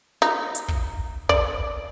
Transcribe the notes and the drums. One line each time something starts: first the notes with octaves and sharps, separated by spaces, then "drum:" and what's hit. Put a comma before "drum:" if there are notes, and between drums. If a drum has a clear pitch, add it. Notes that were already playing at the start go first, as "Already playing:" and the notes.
D#4, drum: snare
drum: hi-hat
drum: kick
D5, drum: kick